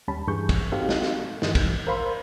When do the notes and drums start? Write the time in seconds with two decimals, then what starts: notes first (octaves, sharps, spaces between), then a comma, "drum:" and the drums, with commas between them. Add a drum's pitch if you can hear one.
0.08 D#2 G3 C#4 A5 B5
0.27 G2 E3 G#4 C#6 G6
0.49 drum: kick, cymbal
0.72 C4 D#4 F#4 G4 A4 F5
0.89 drum: snare
1.02 drum: snare
1.42 G2 D#3 E3 G3, drum: snare
1.55 drum: kick, cymbal
1.87 A#4 C5 F5 B5 C6